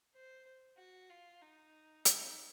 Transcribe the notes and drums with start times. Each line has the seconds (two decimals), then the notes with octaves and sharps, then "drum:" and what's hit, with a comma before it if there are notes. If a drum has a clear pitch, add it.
0.14 C5
0.78 F#4
1.10 F4
1.42 D#4
2.05 D#4, drum: hi-hat